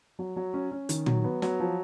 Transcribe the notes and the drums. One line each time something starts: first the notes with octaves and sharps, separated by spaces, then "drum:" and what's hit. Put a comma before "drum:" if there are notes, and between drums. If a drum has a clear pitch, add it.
F#3
F#3
C#4
C#4
D#3, drum: hi-hat
F#3, drum: tom A#2
B3
F#3, drum: snare
F3